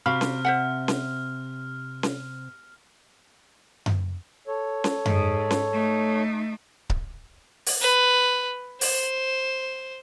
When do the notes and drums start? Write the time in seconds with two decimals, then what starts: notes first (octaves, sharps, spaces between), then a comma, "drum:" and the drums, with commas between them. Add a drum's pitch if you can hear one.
0.06 C3 F#4 F5 B5 F6
0.21 drum: snare C#4
0.45 C5 E5 F#5
0.88 drum: snare C#4
2.03 drum: snare C#4
3.86 drum: tom F#2
4.47 A4 C#5
4.84 drum: snare C#4
5.06 G#2, drum: tom F#2
5.51 drum: snare C#4
5.73 A3 D#4
6.90 drum: kick C#1
7.66 drum: open hi-hat
7.81 B4
8.81 C5, drum: open hi-hat